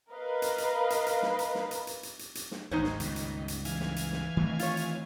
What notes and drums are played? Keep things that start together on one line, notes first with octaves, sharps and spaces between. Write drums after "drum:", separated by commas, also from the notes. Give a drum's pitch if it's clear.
A#4 B4 D#5 F5
drum: hi-hat
drum: hi-hat
drum: hi-hat
drum: hi-hat
drum: snare
drum: hi-hat
drum: snare
drum: hi-hat
drum: hi-hat
drum: hi-hat
drum: hi-hat
drum: hi-hat
drum: snare
G#1 D2 D#3 D#4 C5 C#5
drum: snare
C#2 G2 A#2, drum: hi-hat
drum: hi-hat
drum: hi-hat
E3 F5 G#5, drum: hi-hat
drum: snare
drum: hi-hat
drum: snare
D#3 A3 C4
F4 C#5, drum: hi-hat
drum: hi-hat